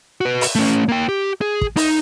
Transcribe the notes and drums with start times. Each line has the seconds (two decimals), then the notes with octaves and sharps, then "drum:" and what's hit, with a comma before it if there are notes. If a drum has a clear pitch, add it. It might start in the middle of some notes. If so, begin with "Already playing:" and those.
0.21 F#4 B4
0.41 drum: open hi-hat
0.55 A3 C#4
0.88 A#3 G5
1.09 G4
1.41 G#4
1.61 drum: kick
1.77 D#4, drum: open hi-hat